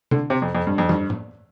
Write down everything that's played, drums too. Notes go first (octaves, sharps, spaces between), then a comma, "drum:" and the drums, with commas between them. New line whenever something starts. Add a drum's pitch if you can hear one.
D3, drum: tom
C3
F2
F2
G2
F2
G2, drum: tom
drum: tom